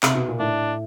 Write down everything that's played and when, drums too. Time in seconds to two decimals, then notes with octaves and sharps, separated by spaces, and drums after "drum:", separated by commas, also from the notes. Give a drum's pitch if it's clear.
0.03 C3, drum: clap
0.15 B2
0.28 A#2
0.39 A2 D4